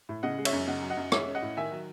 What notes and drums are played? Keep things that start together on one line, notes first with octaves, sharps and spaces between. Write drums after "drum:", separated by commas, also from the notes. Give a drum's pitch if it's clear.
A2
C#3 D#5 F#5
G#3
C#5 E5, drum: cymbal
F#2
C#3 D#5 F#5
F#3
D#5 F#5
F#2
G#3 C#5 E5, drum: rim click
C#4
D#5 F#5
A2
D#3 E5 G#5
F#3